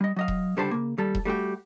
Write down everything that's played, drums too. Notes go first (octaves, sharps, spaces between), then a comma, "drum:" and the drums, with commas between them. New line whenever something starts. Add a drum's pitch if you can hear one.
G3 D#5
F#3 D#5 F5
drum: kick E1
C#2 D3 G3 C5 A5 C6
C#3 A#3
D#2 G3 A4
drum: kick E1
G3 A3 F#4 G4